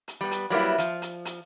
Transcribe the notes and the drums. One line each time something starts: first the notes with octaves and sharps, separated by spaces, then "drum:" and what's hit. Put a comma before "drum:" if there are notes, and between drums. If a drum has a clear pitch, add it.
drum: hi-hat
G3 B3
drum: hi-hat
F#3 G3 A#3 B3 E4
F3, drum: hi-hat
drum: hi-hat
drum: hi-hat